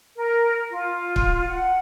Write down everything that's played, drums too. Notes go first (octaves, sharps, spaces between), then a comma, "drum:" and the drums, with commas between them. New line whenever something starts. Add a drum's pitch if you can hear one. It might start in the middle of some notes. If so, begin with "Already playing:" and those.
A#4
F4
drum: kick
F#5